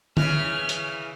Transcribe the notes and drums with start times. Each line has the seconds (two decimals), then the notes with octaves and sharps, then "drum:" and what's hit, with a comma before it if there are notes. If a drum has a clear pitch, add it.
0.17 C#3 E3 F6, drum: tom D3
0.69 drum: hi-hat